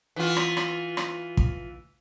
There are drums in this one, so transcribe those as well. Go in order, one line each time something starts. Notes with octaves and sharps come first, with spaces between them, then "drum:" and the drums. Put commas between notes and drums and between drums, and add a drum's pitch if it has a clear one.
E3 F4
drum: rim click
drum: rim click
drum: rim click
drum: kick